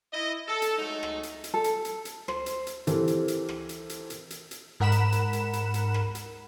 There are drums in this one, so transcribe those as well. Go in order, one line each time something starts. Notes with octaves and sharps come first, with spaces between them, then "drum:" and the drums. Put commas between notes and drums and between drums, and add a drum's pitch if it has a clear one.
E4 D#5
A4
drum: hi-hat
F#3 G#3 A3 D#4
drum: rim click
drum: hi-hat
drum: hi-hat
A4
drum: hi-hat
drum: hi-hat
drum: hi-hat
C5, drum: rim click
drum: hi-hat
drum: hi-hat
E3 C4 G4 A4 A#4, drum: hi-hat
drum: hi-hat
drum: hi-hat
drum: rim click
drum: hi-hat
drum: hi-hat
drum: hi-hat
drum: hi-hat
drum: hi-hat
G#2 A#4 F#5 B5 E7
drum: hi-hat
drum: hi-hat
drum: hi-hat
drum: hi-hat
drum: hi-hat
drum: rim click
drum: hi-hat